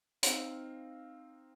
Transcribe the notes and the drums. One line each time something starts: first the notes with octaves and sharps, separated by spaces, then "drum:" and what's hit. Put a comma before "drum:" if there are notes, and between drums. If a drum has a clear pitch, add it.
C4 D#4 F5, drum: hi-hat